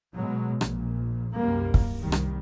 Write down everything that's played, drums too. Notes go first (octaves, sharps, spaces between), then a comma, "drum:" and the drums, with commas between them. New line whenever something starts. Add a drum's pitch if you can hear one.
B2 F#3 G#3
A#1 A#2, drum: rim click
C2 F#2 G3 A#3
drum: kick
C2 D#3 G3
drum: rim click